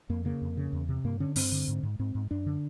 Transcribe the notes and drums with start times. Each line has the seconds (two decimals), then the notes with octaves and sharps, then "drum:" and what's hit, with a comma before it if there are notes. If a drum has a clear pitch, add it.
0.09 F2 A#3
0.25 C#3 A#3
0.42 F2
0.57 C#3
0.73 E2
0.89 C3
1.04 G2 A#3
1.20 D3 C#4
1.36 G2 C4, drum: open hi-hat
1.52 D3
1.68 G#2
1.83 G#2
1.99 G#2 C4
2.15 G#2
2.31 F#2 D4
2.46 D3